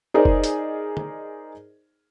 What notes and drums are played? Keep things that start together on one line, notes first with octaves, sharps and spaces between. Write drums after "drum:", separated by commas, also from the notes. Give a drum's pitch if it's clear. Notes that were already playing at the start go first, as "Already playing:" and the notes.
D#4 G#4 A#4 C5 D5 D#5
drum: kick F1
drum: hi-hat
drum: tom